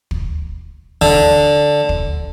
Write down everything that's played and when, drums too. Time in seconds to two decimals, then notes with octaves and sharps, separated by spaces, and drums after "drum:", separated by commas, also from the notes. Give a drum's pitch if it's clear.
0.11 drum: kick
1.02 D3, drum: kick
1.89 drum: kick